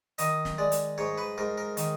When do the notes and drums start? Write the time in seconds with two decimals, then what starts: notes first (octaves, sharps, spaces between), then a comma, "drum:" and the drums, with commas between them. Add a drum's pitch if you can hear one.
0.18 D#3 D#5, drum: hi-hat
0.45 drum: snare
0.58 G#3 D5
0.72 drum: hi-hat
0.98 G#2 C#5
1.18 B4
1.38 G#2 A#4
1.58 A#4
1.77 D#3, drum: hi-hat